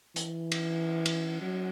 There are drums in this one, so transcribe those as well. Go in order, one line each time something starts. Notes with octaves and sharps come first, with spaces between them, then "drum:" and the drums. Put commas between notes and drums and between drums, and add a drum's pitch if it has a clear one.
E3, drum: hi-hat
drum: cymbal
drum: cymbal
F#3